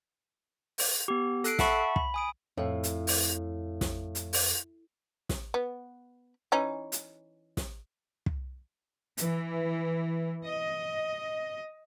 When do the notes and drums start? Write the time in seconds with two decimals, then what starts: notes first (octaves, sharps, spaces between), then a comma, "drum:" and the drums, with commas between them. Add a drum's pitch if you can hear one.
0.78 drum: open hi-hat
1.08 B3 G4
1.44 A4 F#6 C7 D7, drum: hi-hat
1.59 E5 F#5 A5 B5 C#6, drum: snare
1.96 B5, drum: kick
2.14 G#5 D#6 D7
2.57 F2 A2 A4 F5
2.84 drum: hi-hat
3.07 drum: open hi-hat
3.81 drum: snare
4.15 drum: hi-hat
4.33 drum: open hi-hat
5.29 drum: snare
5.54 B3
6.52 E3 C#4 D#4
6.92 drum: hi-hat
7.57 drum: snare
8.26 drum: kick
9.17 E3, drum: hi-hat
10.42 D#5